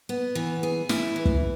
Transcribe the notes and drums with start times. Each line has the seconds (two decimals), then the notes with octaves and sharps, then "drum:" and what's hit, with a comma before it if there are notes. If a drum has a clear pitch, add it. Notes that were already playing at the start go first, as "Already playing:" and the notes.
0.09 B3
0.35 E3
0.63 G#4
0.89 E4, drum: snare
1.16 E3
1.25 drum: kick